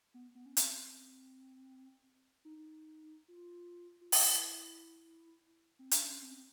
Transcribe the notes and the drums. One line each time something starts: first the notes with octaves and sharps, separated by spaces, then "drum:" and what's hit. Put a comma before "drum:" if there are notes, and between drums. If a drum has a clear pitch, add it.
B3
B3
C#4
C4, drum: hi-hat
D#4
F4
F4
E4, drum: open hi-hat
C4
D4, drum: hi-hat
C#4
C4
C4